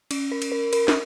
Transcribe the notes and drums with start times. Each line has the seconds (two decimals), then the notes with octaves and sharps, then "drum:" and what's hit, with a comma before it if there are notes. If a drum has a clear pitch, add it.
0.11 C#4, drum: cymbal
0.32 A#4
0.42 drum: cymbal
0.52 A#4
0.73 A#4, drum: cymbal
0.88 drum: snare